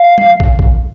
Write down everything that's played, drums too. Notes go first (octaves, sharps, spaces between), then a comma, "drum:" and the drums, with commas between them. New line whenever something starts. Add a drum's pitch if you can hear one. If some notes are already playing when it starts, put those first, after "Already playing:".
Already playing: F5
drum: tom F#3
drum: kick
drum: kick